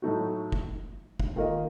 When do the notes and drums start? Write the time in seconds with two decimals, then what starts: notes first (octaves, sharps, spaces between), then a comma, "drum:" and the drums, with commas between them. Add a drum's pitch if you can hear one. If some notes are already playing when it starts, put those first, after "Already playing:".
0.02 A2 F#3 A3 D#4 F#4
0.52 drum: kick
1.20 drum: kick
1.36 D#3 A#3 F4 A#4 D#5